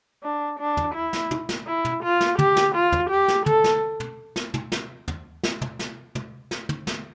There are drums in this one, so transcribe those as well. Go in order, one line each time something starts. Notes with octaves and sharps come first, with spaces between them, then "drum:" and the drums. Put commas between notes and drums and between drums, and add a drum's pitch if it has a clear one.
D4
D4
drum: tom
E4
drum: snare
drum: tom
drum: snare
E4
drum: tom
F4
drum: snare
G4, drum: tom
drum: snare
F4
drum: tom
G4
drum: snare
A4, drum: tom
drum: snare
drum: tom
drum: snare
drum: tom
drum: snare
drum: tom
drum: snare
drum: tom
drum: snare
drum: tom
drum: snare
drum: tom
drum: snare